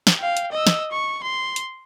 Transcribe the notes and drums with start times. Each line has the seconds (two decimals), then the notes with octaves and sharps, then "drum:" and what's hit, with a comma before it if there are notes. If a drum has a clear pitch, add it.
0.07 drum: snare
0.18 F5 G5
0.37 drum: hi-hat
0.52 D#5 E6
0.67 drum: snare
0.91 C#6
1.23 C6
1.56 drum: hi-hat